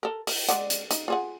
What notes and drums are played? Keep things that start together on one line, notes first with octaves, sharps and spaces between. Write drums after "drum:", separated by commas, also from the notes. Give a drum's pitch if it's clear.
A4 A#4
A#4, drum: open hi-hat
G#3 D5 F#5, drum: hi-hat
drum: hi-hat
D#4, drum: hi-hat
F4 G#4 F#5